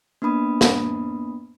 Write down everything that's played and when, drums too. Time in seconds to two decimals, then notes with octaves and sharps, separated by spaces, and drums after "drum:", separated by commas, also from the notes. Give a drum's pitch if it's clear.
0.22 A#3 B3 D4 B5 D#6
0.61 drum: snare